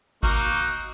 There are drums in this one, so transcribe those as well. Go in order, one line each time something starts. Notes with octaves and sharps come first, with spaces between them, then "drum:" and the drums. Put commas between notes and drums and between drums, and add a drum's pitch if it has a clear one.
A#3 D#4 F#4, drum: kick G#1